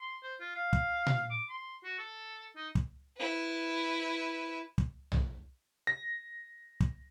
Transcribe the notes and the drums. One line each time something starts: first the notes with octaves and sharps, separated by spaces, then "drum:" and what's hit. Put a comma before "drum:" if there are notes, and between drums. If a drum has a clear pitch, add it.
C6
C5
F4
F5
drum: kick
drum: tom A#2
D6
C6
F#4
A4
D#4
drum: kick
E4 B4
drum: kick
drum: tom B1
A#6
drum: kick